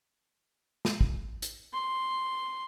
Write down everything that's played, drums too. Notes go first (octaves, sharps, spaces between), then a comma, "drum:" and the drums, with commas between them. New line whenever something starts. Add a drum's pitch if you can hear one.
drum: snare
drum: kick
drum: hi-hat
C6